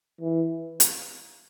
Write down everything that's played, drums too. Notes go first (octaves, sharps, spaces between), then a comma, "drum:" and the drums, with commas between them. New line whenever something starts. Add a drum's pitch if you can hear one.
E3
drum: hi-hat